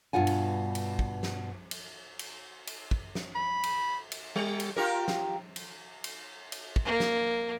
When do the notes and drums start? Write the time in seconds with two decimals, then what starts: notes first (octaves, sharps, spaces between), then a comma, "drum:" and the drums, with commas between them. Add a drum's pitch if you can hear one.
0.13 G2 B2 F4 F#5 G#5
0.27 drum: cymbal
0.75 drum: cymbal
0.99 drum: kick
1.23 drum: snare
1.71 drum: cymbal
2.19 drum: cymbal
2.67 drum: cymbal
2.91 drum: kick
3.15 drum: snare
3.35 B5
3.63 drum: cymbal
4.12 drum: cymbal
4.36 G3
4.60 drum: cymbal
4.76 F4 G4 A#4
5.08 drum: snare
5.56 drum: cymbal
6.04 drum: cymbal
6.52 drum: cymbal
6.76 drum: kick
6.85 A#3
7.00 drum: snare